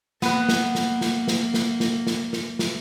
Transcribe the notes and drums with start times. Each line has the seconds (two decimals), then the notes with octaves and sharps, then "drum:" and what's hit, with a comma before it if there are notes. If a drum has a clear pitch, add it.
0.22 A#3 B3 B4, drum: snare
0.49 drum: snare
0.75 drum: snare
1.01 drum: snare
1.28 drum: snare
1.54 drum: snare
1.80 drum: snare
2.07 drum: snare
2.33 drum: snare
2.59 drum: snare